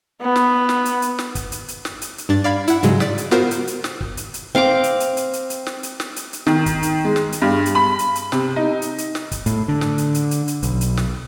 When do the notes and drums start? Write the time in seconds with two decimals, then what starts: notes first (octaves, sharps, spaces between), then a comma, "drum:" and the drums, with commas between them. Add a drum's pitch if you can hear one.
0.21 B3
0.36 drum: snare
0.69 drum: snare
0.85 drum: hi-hat
1.02 drum: hi-hat
1.19 drum: snare
1.35 drum: kick, hi-hat
1.52 drum: hi-hat
1.68 drum: hi-hat
1.85 drum: snare
2.02 drum: hi-hat
2.18 drum: hi-hat
2.29 G2 D4 A6
2.44 D5 F5 B5 G#6
2.68 E4 F#5, drum: hi-hat
2.83 G#2 C#3 F#3 G#3, drum: hi-hat
3.00 D5 B6, drum: snare
3.18 drum: hi-hat
3.31 B3 F4 F#4 A#4 C5, drum: snare
3.51 drum: hi-hat
3.67 drum: hi-hat
3.84 drum: snare
4.01 drum: kick
4.17 drum: hi-hat
4.34 drum: hi-hat
4.55 C4 F5 A#5 D6
4.84 drum: hi-hat
5.00 drum: hi-hat
5.17 drum: hi-hat
5.33 drum: hi-hat
5.50 drum: hi-hat
5.67 drum: snare
5.83 drum: hi-hat
6.00 drum: snare
6.16 drum: hi-hat
6.33 drum: hi-hat
6.47 D#3, drum: snare
6.66 drum: kick, hi-hat
6.83 drum: hi-hat
7.05 G#3
7.16 drum: snare
7.32 drum: hi-hat
7.42 G2
7.66 drum: hi-hat
7.75 B5
7.99 drum: hi-hat
8.15 drum: hi-hat
8.32 C3, drum: snare
8.56 D#4
8.82 drum: hi-hat
8.98 drum: hi-hat
9.15 drum: snare
9.32 drum: kick, hi-hat
9.46 A2, drum: hi-hat
9.68 D3
9.81 drum: snare
9.98 drum: hi-hat
10.14 drum: hi-hat
10.31 drum: hi-hat
10.48 drum: hi-hat
10.63 B1, drum: hi-hat
10.81 drum: hi-hat
10.97 drum: snare